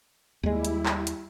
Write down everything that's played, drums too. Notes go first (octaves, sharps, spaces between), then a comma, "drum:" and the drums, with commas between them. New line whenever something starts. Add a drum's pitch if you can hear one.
D#2 G3 G#3 E4
drum: hi-hat
drum: clap
drum: hi-hat